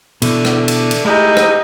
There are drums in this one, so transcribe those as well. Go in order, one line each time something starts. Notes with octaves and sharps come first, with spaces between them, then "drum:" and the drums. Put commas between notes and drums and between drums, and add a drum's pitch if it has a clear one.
B2 D3 E3 A3 D4, drum: cymbal
drum: rim click
drum: cymbal
drum: cymbal
G#3 A3 D#4 E4 G4
drum: rim click